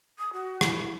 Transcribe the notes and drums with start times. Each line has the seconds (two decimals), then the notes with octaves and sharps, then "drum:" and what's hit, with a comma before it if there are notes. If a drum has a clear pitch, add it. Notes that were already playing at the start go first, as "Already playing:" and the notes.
0.18 D#6
0.33 F#4
0.61 E4, drum: rim click
0.77 E4